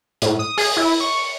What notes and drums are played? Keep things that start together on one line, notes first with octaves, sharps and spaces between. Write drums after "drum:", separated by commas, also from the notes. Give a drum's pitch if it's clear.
A2, drum: hi-hat
D#6
G#4, drum: open hi-hat
E4
C#6